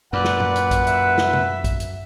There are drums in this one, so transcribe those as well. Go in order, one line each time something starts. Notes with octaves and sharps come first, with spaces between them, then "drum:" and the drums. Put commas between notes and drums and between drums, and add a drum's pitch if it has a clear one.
F#2 A#2 B4 D5 F#5
drum: snare
drum: tom A2
drum: hi-hat
drum: kick, hi-hat
E5, drum: hi-hat
drum: snare
drum: tom B2
drum: kick, hi-hat
drum: hi-hat